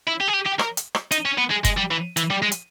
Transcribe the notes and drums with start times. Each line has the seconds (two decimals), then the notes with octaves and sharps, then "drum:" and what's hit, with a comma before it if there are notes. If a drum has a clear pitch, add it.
0.08 E4
0.21 G4
0.28 G#4
0.34 G4
0.46 G4
0.59 A#4, drum: rim click
0.77 drum: hi-hat
0.95 drum: rim click
1.12 D#4, drum: hi-hat
1.26 C#4
1.38 B3
1.51 G#3
1.65 G#3, drum: kick F#1, hi-hat
1.77 G3
1.91 E3
2.17 E3, drum: hi-hat
2.30 G3
2.42 G#3
2.52 drum: hi-hat